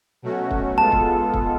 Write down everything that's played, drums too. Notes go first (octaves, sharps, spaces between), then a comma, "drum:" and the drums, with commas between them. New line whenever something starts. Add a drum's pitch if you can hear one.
B2 F#3 A3 C#4 F#4
drum: kick
G#3 B3 F4 A4 A5
drum: kick
drum: kick